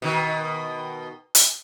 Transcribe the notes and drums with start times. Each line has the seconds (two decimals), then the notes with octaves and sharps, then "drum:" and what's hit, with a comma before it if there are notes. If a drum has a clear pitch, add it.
0.02 B2 D#3
1.35 drum: hi-hat